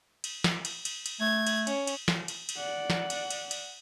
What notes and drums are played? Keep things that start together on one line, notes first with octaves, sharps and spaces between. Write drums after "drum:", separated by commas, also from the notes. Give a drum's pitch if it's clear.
drum: cymbal
drum: snare
drum: cymbal
drum: cymbal
drum: cymbal
A3 G#6
drum: cymbal
C#4, drum: cymbal
drum: cymbal
drum: snare
drum: cymbal
drum: cymbal
D5 F#5
drum: snare
drum: cymbal
drum: cymbal
drum: cymbal